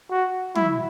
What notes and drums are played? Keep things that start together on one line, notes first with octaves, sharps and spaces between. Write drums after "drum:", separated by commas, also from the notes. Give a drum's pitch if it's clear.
F#4
E4, drum: tom